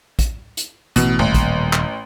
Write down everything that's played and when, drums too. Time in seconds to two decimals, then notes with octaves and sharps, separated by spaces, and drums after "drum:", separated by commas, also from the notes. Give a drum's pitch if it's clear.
0.19 drum: kick, hi-hat
0.57 drum: hi-hat
0.96 A1 B2, drum: hi-hat
1.19 D#1 A1
1.34 drum: kick, hi-hat
1.73 drum: clap